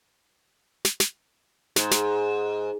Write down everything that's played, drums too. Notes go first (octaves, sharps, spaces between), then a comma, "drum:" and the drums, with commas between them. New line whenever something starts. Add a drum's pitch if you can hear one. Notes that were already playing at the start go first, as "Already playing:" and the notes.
drum: snare
drum: snare
G#2, drum: snare
drum: snare